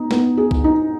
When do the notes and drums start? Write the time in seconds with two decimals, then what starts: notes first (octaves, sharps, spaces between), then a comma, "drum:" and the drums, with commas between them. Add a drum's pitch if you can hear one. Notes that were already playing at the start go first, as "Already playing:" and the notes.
Already playing: B3 D#4
0.11 B3, drum: snare
0.37 G#4
0.51 drum: kick
0.64 D#4